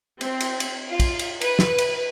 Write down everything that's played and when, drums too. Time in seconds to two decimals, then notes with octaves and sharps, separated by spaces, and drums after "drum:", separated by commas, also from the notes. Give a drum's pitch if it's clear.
0.21 C4, drum: cymbal
0.41 drum: cymbal
0.60 drum: cymbal
0.88 F4
1.00 drum: kick, cymbal
1.19 drum: cymbal
1.41 B4, drum: cymbal
1.59 drum: snare
1.78 drum: cymbal